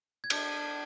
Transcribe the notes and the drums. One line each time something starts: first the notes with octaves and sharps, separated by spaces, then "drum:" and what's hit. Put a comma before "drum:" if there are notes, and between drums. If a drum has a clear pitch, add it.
G#6
D4 G6, drum: cymbal